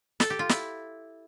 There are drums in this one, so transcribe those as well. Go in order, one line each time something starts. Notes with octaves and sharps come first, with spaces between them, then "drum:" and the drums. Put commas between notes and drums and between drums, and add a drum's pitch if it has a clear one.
A4, drum: snare
G4
F4
E4, drum: snare